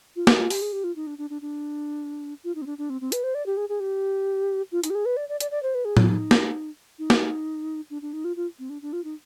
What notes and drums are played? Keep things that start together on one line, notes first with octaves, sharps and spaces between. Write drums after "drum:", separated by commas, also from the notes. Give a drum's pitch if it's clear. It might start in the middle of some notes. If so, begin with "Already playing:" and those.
F4
D#4, drum: snare
F4
G4, drum: open hi-hat
G#4
G4
F4
D#4
D4
D4
D4
D4
F4
D#4
C4
D4
D4
C4
C4
B4, drum: hi-hat
C5
D5
G4
G#4
G#4
G4
F4
D#4, drum: hi-hat
G4
G#4
B4
D5
D5
D5, drum: hi-hat
D5
C5
B4
G#4
F4, drum: tom
D#4
drum: snare
D#4
drum: snare
D4
D4
D#4
F4
F4
C4
D4
D4
F4
D#4